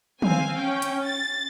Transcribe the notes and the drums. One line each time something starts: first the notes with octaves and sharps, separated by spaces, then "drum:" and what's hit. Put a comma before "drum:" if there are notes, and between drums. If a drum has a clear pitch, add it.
C4 F5 G#5, drum: tom
C#4 G5
drum: hi-hat
A6